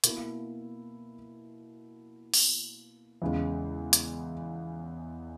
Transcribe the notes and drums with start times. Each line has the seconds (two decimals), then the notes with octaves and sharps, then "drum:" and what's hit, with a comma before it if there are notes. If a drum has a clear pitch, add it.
0.04 B2 A#3 E4, drum: hi-hat
2.34 drum: open hi-hat
3.22 E2 C#3 G#3
3.93 drum: hi-hat